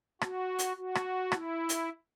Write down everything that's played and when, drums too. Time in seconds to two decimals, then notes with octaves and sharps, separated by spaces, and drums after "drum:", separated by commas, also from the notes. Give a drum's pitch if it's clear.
0.21 F#4, drum: rim click
0.59 drum: hi-hat
0.77 F#4
0.95 drum: rim click
1.32 E4, drum: rim click
1.69 drum: hi-hat